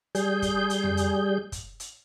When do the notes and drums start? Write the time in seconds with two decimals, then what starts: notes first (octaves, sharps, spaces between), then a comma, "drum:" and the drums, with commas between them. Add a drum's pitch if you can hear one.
0.15 G3 G#4 G6, drum: hi-hat
0.42 drum: kick, hi-hat
0.70 drum: hi-hat
0.83 drum: tom F2
0.97 drum: hi-hat
1.52 drum: kick, hi-hat
1.80 drum: hi-hat